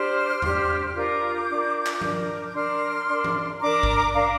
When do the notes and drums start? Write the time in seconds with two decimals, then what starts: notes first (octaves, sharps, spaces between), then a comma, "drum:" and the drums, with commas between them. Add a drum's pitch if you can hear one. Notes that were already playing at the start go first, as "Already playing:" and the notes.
Already playing: D4 G4 C5 C6 F6
0.42 D4 G4 C5, drum: tom E2
0.95 D4 F4 A#4 D6 G6
1.48 D4 F4 A#4
1.86 drum: clap
2.01 D4 A#4, drum: tom F3
2.45 G6
2.54 D4 A#4 C6 F6
3.08 D4 A#4
3.24 drum: tom
3.61 D4 A#4 A#5 D6
3.83 drum: kick A1
4.14 D4 A#4 F5 A#5